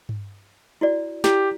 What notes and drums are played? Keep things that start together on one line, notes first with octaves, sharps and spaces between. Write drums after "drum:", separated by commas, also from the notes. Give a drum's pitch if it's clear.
drum: tom G2
E4 F#4 D5
E4 G4, drum: snare